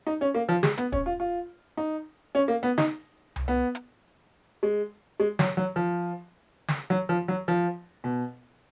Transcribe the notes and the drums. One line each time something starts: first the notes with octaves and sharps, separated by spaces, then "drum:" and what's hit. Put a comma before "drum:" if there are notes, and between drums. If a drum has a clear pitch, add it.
D#4
C#4
A#3
F3
G#3, drum: snare
B3, drum: hi-hat
C#4, drum: kick
F4
F4
D#4
C#4
A#3
B3
D#4, drum: snare
drum: tom C2
B3
drum: hi-hat
G#3
G#3
F#3, drum: snare
F#3
F3
drum: snare
F#3
F3
F#3
F3
B2